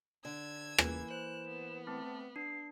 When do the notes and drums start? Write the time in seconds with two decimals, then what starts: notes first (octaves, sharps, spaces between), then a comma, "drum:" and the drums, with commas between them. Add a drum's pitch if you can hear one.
0.25 D3 E6 G#6
0.78 E3 A#3, drum: rim click
1.11 C5 F#6 E7
1.48 B3
1.87 A3 C4 A5
2.36 D4 C7